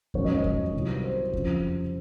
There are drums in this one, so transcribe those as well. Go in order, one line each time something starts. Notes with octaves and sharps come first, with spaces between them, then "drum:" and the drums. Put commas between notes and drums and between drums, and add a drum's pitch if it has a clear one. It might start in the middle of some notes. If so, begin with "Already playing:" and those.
A#1 G#2 D#3 F#3 C#4 C#5, drum: kick E2
D#5
C#5
drum: kick E2
C2 C3 D#3 F#3
C5
F2 C#3 F3, drum: kick E2